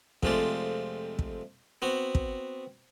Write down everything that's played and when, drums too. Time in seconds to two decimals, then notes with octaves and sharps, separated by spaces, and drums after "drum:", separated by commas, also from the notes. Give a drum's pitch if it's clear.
0.23 F2 C3 G#3 A3 F4 D5, drum: kick
1.19 drum: kick
1.82 B3 C4 F#4
2.15 drum: kick